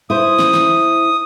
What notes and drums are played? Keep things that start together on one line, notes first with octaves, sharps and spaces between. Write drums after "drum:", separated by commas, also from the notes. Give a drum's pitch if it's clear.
E4 C5 D#6
drum: snare
drum: snare